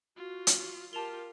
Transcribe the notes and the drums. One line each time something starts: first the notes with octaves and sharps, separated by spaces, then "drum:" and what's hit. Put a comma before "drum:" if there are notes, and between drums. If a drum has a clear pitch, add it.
F4 F#4
drum: hi-hat
F4 G4 A#4 A5 F7 G7